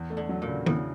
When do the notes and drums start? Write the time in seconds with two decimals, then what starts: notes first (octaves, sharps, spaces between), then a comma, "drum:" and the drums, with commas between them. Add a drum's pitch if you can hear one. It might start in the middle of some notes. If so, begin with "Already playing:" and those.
Already playing: E2
0.10 A3
0.17 D3
0.29 F#3
0.42 A#2
0.48 C#3
0.66 A2 C#3, drum: tom D#3